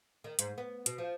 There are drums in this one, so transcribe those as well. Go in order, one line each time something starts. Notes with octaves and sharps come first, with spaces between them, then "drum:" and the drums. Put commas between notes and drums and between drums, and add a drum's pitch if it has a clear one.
D#3
G#2, drum: hi-hat
B3
B2, drum: hi-hat
F3